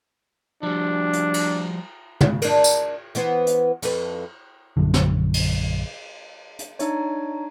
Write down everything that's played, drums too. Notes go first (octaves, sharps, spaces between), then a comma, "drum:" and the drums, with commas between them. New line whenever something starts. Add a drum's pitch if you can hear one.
F3 G3 D4
drum: hi-hat
drum: cymbal
C#3, drum: tom
D4 A#4, drum: cymbal
drum: tambourine
E3 B3 C5, drum: hi-hat
drum: hi-hat
F2 B4, drum: cymbal
A#1 F#2 D3
drum: snare
drum: cymbal
drum: hi-hat
D4 D#4 C#5, drum: hi-hat